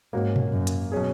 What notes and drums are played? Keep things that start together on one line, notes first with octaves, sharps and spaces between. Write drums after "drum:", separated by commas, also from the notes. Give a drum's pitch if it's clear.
G#2 A#3 C#4 F#4
drum: tom A#2
F#2
drum: hi-hat
B2 F#3 C#4 G#4